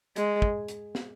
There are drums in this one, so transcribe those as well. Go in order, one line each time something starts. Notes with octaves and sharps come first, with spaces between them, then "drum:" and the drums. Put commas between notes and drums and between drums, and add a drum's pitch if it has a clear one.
G#3, drum: hi-hat
drum: kick
drum: hi-hat
drum: snare